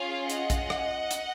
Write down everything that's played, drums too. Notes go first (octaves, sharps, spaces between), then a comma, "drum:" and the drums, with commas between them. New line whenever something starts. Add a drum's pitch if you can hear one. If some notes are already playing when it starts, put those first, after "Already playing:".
Already playing: C#4 F4 G#4 C#5 F5
D#5 F#5, drum: hi-hat
drum: kick A#1, hi-hat
drum: rim click
drum: hi-hat